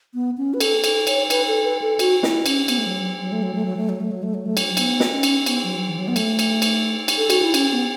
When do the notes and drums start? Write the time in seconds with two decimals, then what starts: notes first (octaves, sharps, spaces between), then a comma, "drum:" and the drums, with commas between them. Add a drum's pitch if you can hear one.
0.14 B3
0.38 C#4
0.54 B4
0.61 A4, drum: cymbal
0.84 A4, drum: cymbal
1.07 C#5, drum: cymbal
1.30 B4, drum: cymbal
1.47 A4
1.65 B4
1.82 A4
1.99 F#4, drum: cymbal
2.23 E4, drum: snare
2.46 C#4, drum: cymbal
2.68 B3, drum: cymbal
2.78 A3
2.86 F#3
3.21 F#3
3.32 A3
3.43 F#3
3.55 A3
3.66 F#3
3.77 A3
3.89 F#3
4.00 A3
4.11 F#3
4.23 A3
4.34 F#3
4.46 A3
4.57 F#3, drum: cymbal
4.77 B3, drum: cymbal
5.00 drum: snare
5.11 C#4
5.23 drum: cymbal
5.46 B3, drum: cymbal
5.64 F#3
5.87 E3
5.98 F#3
6.08 B3
6.16 A3, drum: cymbal
6.39 drum: cymbal
6.62 drum: cymbal
7.08 drum: cymbal
7.17 A4
7.30 F#4, drum: cymbal
7.42 E4
7.54 C#4, drum: cymbal
7.72 B3